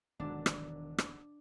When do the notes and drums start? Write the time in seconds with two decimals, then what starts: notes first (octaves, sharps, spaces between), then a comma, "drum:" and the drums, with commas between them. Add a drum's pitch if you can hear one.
0.20 E1 G#2 D3 D#3 F#3 D4
0.46 drum: rim click
0.98 drum: rim click